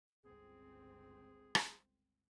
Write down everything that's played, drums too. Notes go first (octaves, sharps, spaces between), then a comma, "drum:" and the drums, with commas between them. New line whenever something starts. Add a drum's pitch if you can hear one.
G1 C#2 C4 G#4
drum: rim click